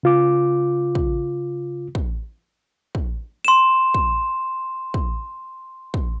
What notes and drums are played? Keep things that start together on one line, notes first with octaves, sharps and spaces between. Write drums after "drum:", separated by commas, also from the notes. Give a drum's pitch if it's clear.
C#3 F4 D6
drum: kick
drum: kick
drum: kick
C6 E7
drum: kick
drum: kick
drum: kick